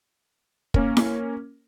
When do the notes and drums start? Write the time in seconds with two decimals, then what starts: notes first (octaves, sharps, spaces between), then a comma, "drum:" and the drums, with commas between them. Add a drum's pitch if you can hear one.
0.74 A#3 C#4 A#4, drum: kick
0.97 drum: snare E4